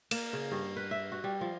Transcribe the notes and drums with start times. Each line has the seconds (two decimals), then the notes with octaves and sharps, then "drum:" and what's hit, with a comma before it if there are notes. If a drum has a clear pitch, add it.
0.11 A#3, drum: cymbal
0.33 C#3
0.52 G2
0.77 B4
0.91 E5
1.12 F#4
1.24 G3
1.41 F3